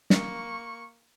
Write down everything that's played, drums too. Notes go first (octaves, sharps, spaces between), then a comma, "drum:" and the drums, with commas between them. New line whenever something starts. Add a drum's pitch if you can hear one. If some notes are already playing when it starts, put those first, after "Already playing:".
A#3 C#6, drum: snare